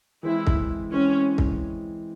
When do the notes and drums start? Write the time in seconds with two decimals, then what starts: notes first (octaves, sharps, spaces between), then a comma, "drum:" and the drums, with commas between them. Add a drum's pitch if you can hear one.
0.23 E3 G#3 C4 E4
0.47 drum: kick C2
0.92 E3 G#3 C4 C#4
1.38 drum: kick C2